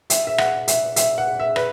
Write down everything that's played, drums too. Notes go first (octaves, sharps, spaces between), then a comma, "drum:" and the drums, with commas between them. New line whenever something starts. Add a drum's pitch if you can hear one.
E5, drum: hi-hat
E5
F#5, drum: rim click
E5, drum: hi-hat
E5, drum: hi-hat
F#5
E5
B4, drum: rim click